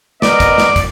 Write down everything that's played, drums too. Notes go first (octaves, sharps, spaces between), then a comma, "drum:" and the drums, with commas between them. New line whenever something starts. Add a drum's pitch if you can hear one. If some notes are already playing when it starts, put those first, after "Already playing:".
B3 A#4 D5 D#5, drum: snare
drum: kick, hi-hat
drum: snare
drum: kick, hi-hat